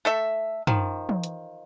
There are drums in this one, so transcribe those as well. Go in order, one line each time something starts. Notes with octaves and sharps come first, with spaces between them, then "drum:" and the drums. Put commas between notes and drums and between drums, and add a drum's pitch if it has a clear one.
A3 A4 E5
D#3 F3, drum: tom
drum: tom
drum: hi-hat